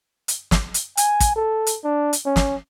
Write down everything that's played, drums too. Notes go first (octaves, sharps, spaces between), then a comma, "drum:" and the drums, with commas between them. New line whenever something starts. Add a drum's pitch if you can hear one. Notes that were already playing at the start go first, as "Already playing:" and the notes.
drum: hi-hat
drum: snare
drum: hi-hat
G#5, drum: hi-hat
drum: kick, hi-hat
A4
drum: hi-hat
D4
drum: hi-hat
C#4
drum: snare